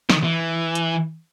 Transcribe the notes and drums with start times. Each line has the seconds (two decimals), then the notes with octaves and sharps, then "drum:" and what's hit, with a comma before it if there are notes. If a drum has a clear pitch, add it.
0.10 D#3, drum: snare
0.24 E3
0.75 drum: hi-hat